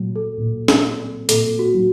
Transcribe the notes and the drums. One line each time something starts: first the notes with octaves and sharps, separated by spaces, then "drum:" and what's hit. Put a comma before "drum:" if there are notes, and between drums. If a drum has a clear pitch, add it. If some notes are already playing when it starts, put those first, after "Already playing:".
Already playing: A#2 F#3
A4
A#2
drum: snare
C4
A#2 A4, drum: hi-hat
F#4
F#3